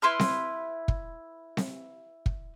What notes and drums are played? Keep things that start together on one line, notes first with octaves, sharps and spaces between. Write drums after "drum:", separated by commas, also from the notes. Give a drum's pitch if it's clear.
E4 B4 C6 F6
drum: snare C4
drum: kick
drum: snare C4
drum: kick